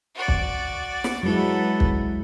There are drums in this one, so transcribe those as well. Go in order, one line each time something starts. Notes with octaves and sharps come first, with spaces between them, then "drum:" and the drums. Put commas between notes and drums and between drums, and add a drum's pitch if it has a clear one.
F#4 D5
drum: kick
drum: snare
F#3 G#3 B3 E4 A4
drum: kick